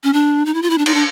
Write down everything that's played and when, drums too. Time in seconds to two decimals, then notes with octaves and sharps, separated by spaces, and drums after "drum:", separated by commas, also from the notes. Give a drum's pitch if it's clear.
0.04 C#4
0.13 D4
0.46 D#4
0.54 E4
0.62 F4
0.70 E4
0.78 D4
0.86 D#4, drum: cymbal
0.94 D4